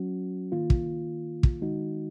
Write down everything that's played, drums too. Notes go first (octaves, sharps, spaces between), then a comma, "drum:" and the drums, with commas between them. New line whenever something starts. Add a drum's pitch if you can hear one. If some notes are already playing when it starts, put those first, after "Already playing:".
Already playing: F#3 C#4 F#4
D#3 A#3 F4
drum: kick
drum: kick
D#3 G#3 D#4 F#4